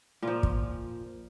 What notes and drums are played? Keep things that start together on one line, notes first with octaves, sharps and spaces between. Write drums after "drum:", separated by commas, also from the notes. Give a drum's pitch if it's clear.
A#2 F3 F4
drum: kick